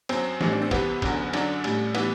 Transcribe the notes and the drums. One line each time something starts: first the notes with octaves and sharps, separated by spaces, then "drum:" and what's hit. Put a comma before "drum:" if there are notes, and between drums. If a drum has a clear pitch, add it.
F#2 F#3 C4, drum: cymbal
A1 A2 E3 G3, drum: snare
D4
C4
C2 C3 E3 B3, drum: kick A1, cymbal
F#1 E2 D3 F#3, drum: kick A1, cymbal
F#2 D3 F#3 D4, drum: cymbal
A1 A2 G3, drum: cymbal
A2 E3 G3 B3, drum: cymbal